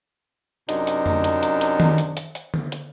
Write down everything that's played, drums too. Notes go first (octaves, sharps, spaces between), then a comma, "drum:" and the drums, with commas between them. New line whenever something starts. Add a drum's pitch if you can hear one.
F#2 C3 D4 D#4, drum: hi-hat
drum: hi-hat
drum: tom F2
drum: hi-hat
drum: hi-hat
drum: hi-hat
drum: tom D#3
drum: hi-hat
drum: hi-hat
drum: hi-hat
drum: tom D3
drum: hi-hat